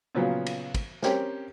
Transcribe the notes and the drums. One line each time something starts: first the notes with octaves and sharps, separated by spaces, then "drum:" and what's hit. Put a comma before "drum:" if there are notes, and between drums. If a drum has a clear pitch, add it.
A#2 C#3 F3 F#3 B3
drum: cymbal
drum: kick, cymbal
C4 C#4 G4 A#4 C5 C#5, drum: snare